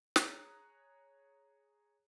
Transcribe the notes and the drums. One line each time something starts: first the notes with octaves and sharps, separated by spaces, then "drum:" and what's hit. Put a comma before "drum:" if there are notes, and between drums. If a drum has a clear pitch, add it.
G#4 C#5 A#5 D#6 F#6, drum: snare